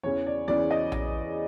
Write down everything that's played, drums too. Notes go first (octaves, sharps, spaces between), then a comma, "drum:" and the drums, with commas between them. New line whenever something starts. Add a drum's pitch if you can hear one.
E2 C#3 E3 C#5
D5
E2 C#3 E3 D5
D#5
drum: tom A#1